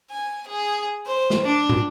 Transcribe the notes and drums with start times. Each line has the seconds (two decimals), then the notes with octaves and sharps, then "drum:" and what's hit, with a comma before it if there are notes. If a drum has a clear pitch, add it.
0.10 G#5
0.48 G#4
1.06 C5
1.30 drum: snare
1.45 D4
1.69 drum: tom